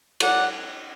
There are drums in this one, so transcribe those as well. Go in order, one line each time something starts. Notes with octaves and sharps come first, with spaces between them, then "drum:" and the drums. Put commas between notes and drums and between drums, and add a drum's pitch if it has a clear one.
F#3 D5 F#5, drum: cymbal